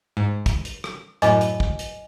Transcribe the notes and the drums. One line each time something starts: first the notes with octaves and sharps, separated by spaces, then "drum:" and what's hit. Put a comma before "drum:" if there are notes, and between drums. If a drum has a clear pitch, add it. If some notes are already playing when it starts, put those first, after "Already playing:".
G#2
drum: kick, hi-hat
drum: hi-hat
drum: rim click
F#2 A2 D#5 G#5 D6, drum: hi-hat
drum: hi-hat
drum: kick
drum: hi-hat